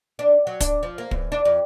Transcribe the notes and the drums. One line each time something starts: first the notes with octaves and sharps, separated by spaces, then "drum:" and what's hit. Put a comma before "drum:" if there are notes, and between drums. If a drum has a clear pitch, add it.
D4
F#3
D4, drum: kick, hi-hat
F3
A#3
E2, drum: kick
D4
F2